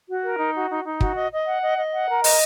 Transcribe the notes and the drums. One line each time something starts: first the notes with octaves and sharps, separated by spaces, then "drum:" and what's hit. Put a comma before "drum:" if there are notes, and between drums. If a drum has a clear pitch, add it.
F#4
A#4
D#4
F#4
D#4
D#4
F#4, drum: kick
D#5
D#5
F#5
D#5
D#5
F#5
A#4
D#5, drum: open hi-hat